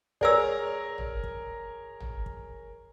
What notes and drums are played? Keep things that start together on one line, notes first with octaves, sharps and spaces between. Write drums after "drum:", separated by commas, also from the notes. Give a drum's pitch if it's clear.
G#4 A#4 C#5 D5 E6, drum: kick
drum: tom
drum: kick
drum: tom
drum: kick